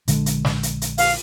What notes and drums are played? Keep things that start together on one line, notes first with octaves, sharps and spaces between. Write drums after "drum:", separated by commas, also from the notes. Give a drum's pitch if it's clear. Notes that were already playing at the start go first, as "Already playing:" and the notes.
A#1 D3 G#3, drum: hi-hat
drum: hi-hat
drum: snare
drum: hi-hat
drum: hi-hat
F5, drum: open hi-hat